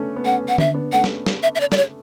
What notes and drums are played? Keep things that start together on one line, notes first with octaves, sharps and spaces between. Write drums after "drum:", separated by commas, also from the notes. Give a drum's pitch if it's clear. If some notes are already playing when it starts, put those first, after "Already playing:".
Already playing: A3 B3 C#4 D4
B3
A3 C#4 F#5
F#5
D4 E5, drum: tom D3
B3 D4
A3 C#4 F#5
drum: snare
drum: snare
E5
E5
D5
D5, drum: snare
C#5